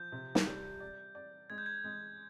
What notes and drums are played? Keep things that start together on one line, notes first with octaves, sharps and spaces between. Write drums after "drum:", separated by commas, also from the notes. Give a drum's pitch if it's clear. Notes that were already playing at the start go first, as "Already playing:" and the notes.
Already playing: F3 G6
C3
drum: snare
G3
D5
D5
G#3 G#6
G6
G#6
G#3